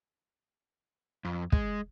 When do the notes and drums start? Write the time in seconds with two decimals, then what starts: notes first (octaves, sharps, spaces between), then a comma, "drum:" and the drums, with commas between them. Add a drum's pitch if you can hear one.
1.25 F2
1.52 G#3, drum: kick